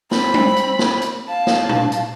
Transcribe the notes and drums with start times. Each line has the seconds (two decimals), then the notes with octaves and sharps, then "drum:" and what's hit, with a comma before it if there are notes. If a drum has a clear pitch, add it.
0.11 C4 B5, drum: snare
0.34 drum: tom G3
0.56 drum: hi-hat
0.79 drum: snare
1.02 drum: hi-hat
1.29 F5 A5
1.47 drum: snare
1.69 drum: tom
1.92 drum: hi-hat